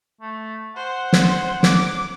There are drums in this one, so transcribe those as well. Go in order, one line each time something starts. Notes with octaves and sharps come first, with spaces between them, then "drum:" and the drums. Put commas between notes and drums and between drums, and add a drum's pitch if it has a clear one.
A3
C5 F#5
drum: snare
D6, drum: snare